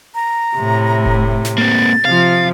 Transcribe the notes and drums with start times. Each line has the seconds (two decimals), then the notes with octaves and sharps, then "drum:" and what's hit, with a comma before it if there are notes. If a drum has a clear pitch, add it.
0.15 A#5
0.55 A2 C3
1.06 drum: kick F1
1.45 drum: snare
1.58 A#3 C4 A6
2.05 C3 F3 F5